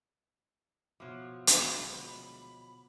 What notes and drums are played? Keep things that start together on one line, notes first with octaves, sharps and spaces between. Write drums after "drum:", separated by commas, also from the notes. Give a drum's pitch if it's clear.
B2 F3 F#3 B3 E5 D6
D2 G#2 G#3 B5, drum: hi-hat